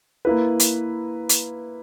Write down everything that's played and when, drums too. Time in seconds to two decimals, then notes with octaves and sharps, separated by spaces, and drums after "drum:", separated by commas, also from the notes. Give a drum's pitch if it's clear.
0.25 A#3 E4 B4
0.60 drum: hi-hat
1.29 drum: hi-hat